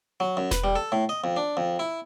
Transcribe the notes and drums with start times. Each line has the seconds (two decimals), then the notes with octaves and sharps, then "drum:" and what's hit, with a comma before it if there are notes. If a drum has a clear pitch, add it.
0.20 F#3
0.37 F#2
0.51 B4, drum: snare E1
0.64 G3
0.76 A4
0.92 A2
1.09 D#5
1.24 F2
1.37 D4
1.57 F2
1.79 E4